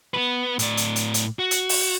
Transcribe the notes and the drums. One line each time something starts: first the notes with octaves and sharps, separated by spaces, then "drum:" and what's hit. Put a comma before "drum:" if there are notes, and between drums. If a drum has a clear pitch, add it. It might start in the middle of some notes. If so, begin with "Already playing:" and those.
B3 B4
A2 D5, drum: hi-hat
drum: hi-hat
drum: hi-hat
drum: hi-hat
F#4
drum: hi-hat
drum: open hi-hat